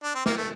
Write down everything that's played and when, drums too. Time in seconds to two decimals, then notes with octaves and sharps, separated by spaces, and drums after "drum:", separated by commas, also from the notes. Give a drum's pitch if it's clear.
0.04 D4
0.15 C4
0.26 A#3, drum: snare
0.37 A3